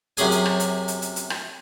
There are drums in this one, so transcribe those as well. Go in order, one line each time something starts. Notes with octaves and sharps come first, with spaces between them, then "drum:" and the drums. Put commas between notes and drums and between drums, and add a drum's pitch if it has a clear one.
F#2 C3 C#4 G#4 G#5, drum: hi-hat
drum: hi-hat
drum: rim click
drum: hi-hat
drum: hi-hat
drum: hi-hat
drum: hi-hat
drum: rim click